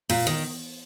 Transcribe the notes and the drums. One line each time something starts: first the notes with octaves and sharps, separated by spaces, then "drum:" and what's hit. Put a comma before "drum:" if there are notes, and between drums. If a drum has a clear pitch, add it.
A#2, drum: open hi-hat
D#3